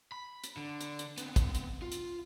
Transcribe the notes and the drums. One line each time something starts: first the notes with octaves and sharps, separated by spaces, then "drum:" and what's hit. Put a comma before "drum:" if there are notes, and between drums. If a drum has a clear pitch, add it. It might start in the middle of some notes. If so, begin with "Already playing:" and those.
B5
drum: hi-hat
D3
drum: hi-hat
drum: hi-hat
B3 C4, drum: hi-hat
drum: kick, hi-hat
drum: hi-hat
F4
drum: hi-hat